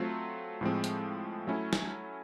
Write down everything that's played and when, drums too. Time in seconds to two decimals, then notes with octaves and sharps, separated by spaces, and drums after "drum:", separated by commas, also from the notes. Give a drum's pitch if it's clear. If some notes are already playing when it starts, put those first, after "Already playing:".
Already playing: F#3 A3 C4 F4
0.61 A2 F3 G#3 C4
0.84 drum: hi-hat
1.47 F#3 A3 C#4 E4
1.73 drum: snare